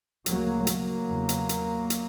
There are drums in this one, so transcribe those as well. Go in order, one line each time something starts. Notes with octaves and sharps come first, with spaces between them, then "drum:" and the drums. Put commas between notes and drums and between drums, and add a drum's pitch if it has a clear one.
D2 C#3 F#3 A#3, drum: hi-hat
F#3 A#3, drum: hi-hat
E2 C#3
drum: hi-hat
drum: hi-hat
drum: hi-hat